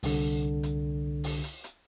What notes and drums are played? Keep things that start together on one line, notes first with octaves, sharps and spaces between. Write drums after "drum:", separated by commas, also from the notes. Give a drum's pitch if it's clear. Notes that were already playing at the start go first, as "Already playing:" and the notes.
C2 D3, drum: open hi-hat
drum: hi-hat
drum: open hi-hat
drum: hi-hat
drum: hi-hat